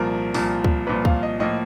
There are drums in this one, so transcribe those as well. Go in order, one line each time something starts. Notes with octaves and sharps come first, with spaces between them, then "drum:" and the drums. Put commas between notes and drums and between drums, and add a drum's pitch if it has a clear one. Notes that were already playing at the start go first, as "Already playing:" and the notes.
Already playing: C2 A#2 F3 A#4
C2 A#2 F3, drum: open hi-hat
drum: kick C#2
C2 A#2 F3 B4
F5, drum: kick C#2
D#5
A2 F3 A#3 D#5